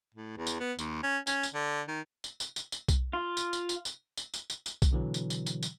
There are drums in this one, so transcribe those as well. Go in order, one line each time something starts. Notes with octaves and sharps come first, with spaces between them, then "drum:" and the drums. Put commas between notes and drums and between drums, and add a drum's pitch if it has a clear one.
A2
E2
drum: tambourine
B3
D#2, drum: tambourine
C#4
C#4, drum: tambourine
drum: tambourine
D3
D#3
drum: tambourine
drum: tambourine
drum: tambourine
drum: tambourine
drum: kick B1, tambourine
F4
drum: tambourine
drum: tambourine
drum: tambourine
drum: tambourine
drum: tambourine
drum: tambourine
drum: tambourine
drum: tambourine
drum: kick B1, tambourine
B2 D3 E3 F#3
drum: tambourine
drum: tambourine
drum: tambourine
drum: tambourine